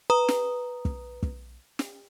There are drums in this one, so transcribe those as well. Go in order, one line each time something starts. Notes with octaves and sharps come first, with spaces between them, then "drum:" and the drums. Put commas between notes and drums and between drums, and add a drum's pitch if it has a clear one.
B4 A#5 D#6
drum: snare
drum: kick
drum: kick
drum: snare